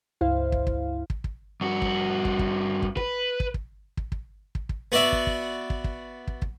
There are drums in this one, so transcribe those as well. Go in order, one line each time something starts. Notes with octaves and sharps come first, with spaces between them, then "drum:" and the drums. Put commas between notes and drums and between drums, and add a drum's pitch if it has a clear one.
C#2 G2 E4 C5 F5
drum: kick
drum: kick
drum: kick
drum: kick
G2 F#4
drum: kick
drum: kick
drum: kick
drum: kick
B4, drum: kick
drum: kick
drum: kick
drum: kick
drum: kick
drum: kick
drum: kick
B3 F#4 D5 E5
drum: kick
drum: kick
drum: kick
drum: kick
drum: kick
drum: kick